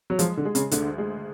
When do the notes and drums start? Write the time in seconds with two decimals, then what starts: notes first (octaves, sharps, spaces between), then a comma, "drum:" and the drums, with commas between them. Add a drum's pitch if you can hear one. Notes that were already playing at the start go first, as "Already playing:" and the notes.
0.10 F#3
0.19 F3 G#3, drum: hi-hat
0.37 D3
0.45 G#3
0.55 C#3, drum: hi-hat
0.71 D2 D3, drum: hi-hat
0.98 G#3